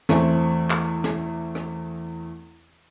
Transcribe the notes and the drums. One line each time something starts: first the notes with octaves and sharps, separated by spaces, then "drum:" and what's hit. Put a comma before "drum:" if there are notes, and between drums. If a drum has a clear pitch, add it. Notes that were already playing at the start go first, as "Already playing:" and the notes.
E2 A3 C4, drum: snare
drum: clap
drum: snare
drum: rim click